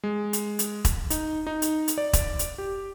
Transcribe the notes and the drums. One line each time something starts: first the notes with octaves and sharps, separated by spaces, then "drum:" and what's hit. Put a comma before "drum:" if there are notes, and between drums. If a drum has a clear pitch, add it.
G#3
drum: hi-hat
drum: hi-hat
drum: kick E1, hi-hat
D#4, drum: hi-hat
D#4
drum: hi-hat
drum: hi-hat
D5
drum: kick E1, hi-hat
drum: hi-hat
G4